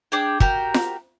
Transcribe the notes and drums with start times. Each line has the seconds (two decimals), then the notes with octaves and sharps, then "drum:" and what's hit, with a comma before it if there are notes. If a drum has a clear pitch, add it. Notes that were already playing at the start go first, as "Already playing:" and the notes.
0.12 D4 G#4 G5
0.40 F#4 G4 A#4, drum: kick
0.74 drum: snare F4